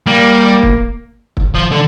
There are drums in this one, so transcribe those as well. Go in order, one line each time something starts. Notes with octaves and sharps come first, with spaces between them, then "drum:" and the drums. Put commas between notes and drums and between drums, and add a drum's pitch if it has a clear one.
G3 A#3
drum: kick
drum: kick
F3
D3